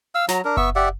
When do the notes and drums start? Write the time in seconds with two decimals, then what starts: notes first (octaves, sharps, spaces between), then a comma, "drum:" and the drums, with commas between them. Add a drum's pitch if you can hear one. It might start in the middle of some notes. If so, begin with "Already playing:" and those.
0.15 F5 E6
0.28 F#3 A#5, drum: snare
0.45 D4 A#4
0.57 B3 E5 C#6 E6, drum: kick F#1
0.76 G4 D5 E5 F#5